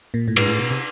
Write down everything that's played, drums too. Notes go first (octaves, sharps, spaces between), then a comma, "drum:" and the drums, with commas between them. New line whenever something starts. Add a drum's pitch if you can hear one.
A#2
A2
G#2, drum: cymbal
A2
B2
C3